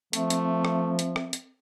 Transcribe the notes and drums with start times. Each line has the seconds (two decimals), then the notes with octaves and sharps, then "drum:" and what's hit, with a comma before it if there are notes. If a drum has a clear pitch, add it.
0.13 F3 A3 C4 E5, drum: hi-hat
0.30 drum: hi-hat
0.65 drum: rim click
0.99 drum: hi-hat
1.16 drum: rim click
1.33 drum: hi-hat